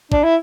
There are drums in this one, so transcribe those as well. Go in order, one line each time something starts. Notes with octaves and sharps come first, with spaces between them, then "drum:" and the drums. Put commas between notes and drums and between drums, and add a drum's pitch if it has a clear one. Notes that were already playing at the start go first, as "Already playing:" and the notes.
D4, drum: kick
E4